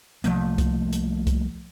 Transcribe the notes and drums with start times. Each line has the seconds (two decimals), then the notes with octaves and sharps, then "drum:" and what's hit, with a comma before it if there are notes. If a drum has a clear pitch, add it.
0.24 C2 F3 A3 A#3, drum: hi-hat
0.58 drum: kick C2, hi-hat
0.93 drum: hi-hat
1.27 drum: kick C2, hi-hat